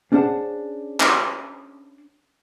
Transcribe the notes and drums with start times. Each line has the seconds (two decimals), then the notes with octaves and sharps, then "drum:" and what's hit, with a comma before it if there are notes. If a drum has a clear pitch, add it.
0.12 C#4 D4 G#4 C5 F#5 A5
1.00 drum: clap